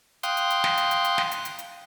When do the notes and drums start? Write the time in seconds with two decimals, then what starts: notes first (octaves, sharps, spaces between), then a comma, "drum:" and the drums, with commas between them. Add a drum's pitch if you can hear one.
0.23 F5 G5 C6 D#6 F#6, drum: hi-hat
0.37 drum: hi-hat
0.50 drum: hi-hat
0.64 drum: snare
0.77 drum: hi-hat
0.91 drum: hi-hat
1.04 drum: hi-hat
1.18 drum: snare
1.31 drum: hi-hat
1.45 drum: hi-hat
1.59 drum: hi-hat